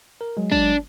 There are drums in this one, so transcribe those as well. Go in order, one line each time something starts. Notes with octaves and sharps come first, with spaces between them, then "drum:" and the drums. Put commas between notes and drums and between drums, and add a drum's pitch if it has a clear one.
A#4
F#3 G#3
D4, drum: kick